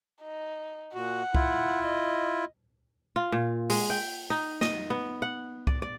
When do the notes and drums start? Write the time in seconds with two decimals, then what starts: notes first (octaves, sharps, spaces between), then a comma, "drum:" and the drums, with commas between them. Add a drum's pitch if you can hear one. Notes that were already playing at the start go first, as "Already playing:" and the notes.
0.22 D#4
0.94 A#2 F#4 F#5
1.35 E4 F4, drum: kick C2
1.86 D#5
3.16 F4
3.32 A#2
3.70 G#3, drum: open hi-hat
3.90 G5
4.30 D#4
4.61 D#5, drum: snare
4.90 B3
5.22 F#5
5.67 D5, drum: kick C2
5.82 D5